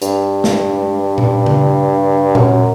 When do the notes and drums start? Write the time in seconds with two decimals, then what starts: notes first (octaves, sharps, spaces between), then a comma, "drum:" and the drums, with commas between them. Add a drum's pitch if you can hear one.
0.02 G2, drum: hi-hat
0.44 drum: snare
1.18 drum: tom A#2
1.46 drum: tom C#3
2.35 F#2, drum: tom A#2